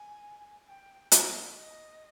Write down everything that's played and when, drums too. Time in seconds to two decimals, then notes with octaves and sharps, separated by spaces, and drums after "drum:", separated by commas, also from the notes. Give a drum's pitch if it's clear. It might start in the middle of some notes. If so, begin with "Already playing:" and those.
Already playing: G#5
0.68 G5
1.12 drum: hi-hat
1.54 D#5